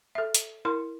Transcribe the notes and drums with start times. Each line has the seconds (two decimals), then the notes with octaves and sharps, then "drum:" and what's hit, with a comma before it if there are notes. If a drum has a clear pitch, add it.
0.15 A4 E5
0.35 drum: hi-hat
0.65 E4 A#4 C6